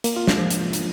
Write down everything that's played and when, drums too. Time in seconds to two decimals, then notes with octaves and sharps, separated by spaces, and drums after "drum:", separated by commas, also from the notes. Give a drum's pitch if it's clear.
0.04 A#3, drum: hi-hat
0.16 F4
0.27 G#3, drum: snare
0.38 F3
0.50 drum: hi-hat
0.73 drum: hi-hat